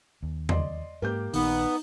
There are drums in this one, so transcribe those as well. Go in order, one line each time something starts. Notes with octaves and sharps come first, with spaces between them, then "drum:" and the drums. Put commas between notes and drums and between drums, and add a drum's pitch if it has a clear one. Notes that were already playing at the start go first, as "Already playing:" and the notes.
D#2
D5 D#5 C6, drum: tom E2
G#2 A#3 G4 G6
A#1 D#3 B3 D#4, drum: open hi-hat